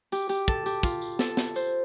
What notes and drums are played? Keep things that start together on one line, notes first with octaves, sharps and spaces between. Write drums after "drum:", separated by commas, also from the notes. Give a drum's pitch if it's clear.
G4, drum: tambourine
G4, drum: tambourine
A4, drum: kick
G4, drum: tambourine
F4, drum: kick, tambourine
drum: tambourine
A4, drum: snare
drum: snare
C5, drum: tambourine